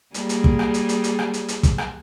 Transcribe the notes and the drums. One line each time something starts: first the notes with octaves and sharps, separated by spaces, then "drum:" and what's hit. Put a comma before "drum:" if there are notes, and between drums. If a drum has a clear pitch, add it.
G3 A#3 G#4, drum: hi-hat
drum: hi-hat
drum: kick
drum: rim click
drum: hi-hat
drum: hi-hat
drum: hi-hat
drum: rim click
drum: hi-hat
drum: hi-hat
drum: kick, hi-hat
drum: rim click